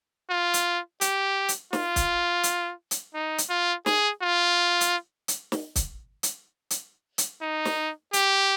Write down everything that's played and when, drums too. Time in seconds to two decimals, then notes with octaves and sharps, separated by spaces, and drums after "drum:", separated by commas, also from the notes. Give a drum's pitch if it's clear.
0.30 F4
0.54 drum: hi-hat
1.01 G4, drum: hi-hat
1.49 drum: hi-hat
1.73 F4, drum: snare
1.96 drum: kick, hi-hat
2.43 drum: hi-hat
2.91 drum: hi-hat
3.14 D#4
3.38 drum: hi-hat
3.50 F4
3.86 G#4, drum: snare
4.22 F4
4.81 drum: hi-hat
5.28 drum: hi-hat
5.52 drum: snare
5.76 drum: kick, hi-hat
6.23 drum: hi-hat
6.70 drum: hi-hat
7.18 drum: hi-hat
7.41 D#4
7.65 drum: snare
8.13 G4, drum: hi-hat